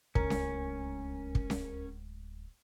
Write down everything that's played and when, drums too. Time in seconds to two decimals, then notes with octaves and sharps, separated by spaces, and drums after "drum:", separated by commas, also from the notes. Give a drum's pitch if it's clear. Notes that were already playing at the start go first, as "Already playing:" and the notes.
0.15 D1 C#2 G#3 C#4 A#4, drum: kick
0.30 drum: snare C#4
1.35 drum: kick
1.50 drum: snare C#4